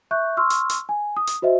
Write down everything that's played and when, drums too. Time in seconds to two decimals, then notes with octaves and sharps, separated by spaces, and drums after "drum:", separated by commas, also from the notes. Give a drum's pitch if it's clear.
0.11 E5 C#6 F#6 G6
0.37 C6 C#6 E6 F6
0.50 drum: hi-hat
0.70 drum: hi-hat
0.89 G#5
1.17 D#6
1.27 drum: hi-hat
1.42 F#4 C5 D#5 E5